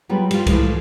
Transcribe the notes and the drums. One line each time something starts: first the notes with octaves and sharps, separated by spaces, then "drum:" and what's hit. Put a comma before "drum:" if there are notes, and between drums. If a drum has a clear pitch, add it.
F#3 G3 B3 F4 G#4
G3 F4, drum: cymbal
A2 E3 F3 G#3 A3 E4, drum: kick C2, cymbal